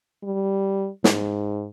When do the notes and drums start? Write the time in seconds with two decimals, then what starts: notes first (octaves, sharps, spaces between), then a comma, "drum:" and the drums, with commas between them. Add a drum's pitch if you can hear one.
0.23 G3
1.04 G#2, drum: snare